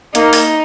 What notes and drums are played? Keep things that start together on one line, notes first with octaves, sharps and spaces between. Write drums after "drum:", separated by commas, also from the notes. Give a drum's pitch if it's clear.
A#3 D#4, drum: hi-hat
drum: open hi-hat